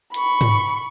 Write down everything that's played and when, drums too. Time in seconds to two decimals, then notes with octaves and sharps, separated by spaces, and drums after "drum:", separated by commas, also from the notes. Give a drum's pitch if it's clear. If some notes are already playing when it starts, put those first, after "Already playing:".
0.14 B5 C#6, drum: hi-hat
0.41 drum: tom